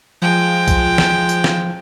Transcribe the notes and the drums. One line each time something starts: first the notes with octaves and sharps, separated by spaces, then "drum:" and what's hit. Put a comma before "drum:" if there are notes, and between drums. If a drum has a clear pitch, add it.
F3 G#3 G5
drum: kick, tambourine
drum: snare
drum: tambourine
drum: snare